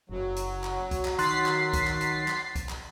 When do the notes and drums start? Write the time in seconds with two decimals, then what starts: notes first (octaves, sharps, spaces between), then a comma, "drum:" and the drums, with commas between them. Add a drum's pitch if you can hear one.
0.10 F#1 F#3
0.36 drum: hi-hat
0.64 drum: clap
0.91 drum: kick B1, hi-hat
1.05 drum: clap
1.19 D#3 C6 F#6 A6 B6 C7, drum: hi-hat
1.46 drum: clap
1.73 drum: kick B1, hi-hat
1.87 drum: clap
2.01 drum: hi-hat
2.28 drum: clap
2.55 drum: kick B1, hi-hat
2.69 drum: clap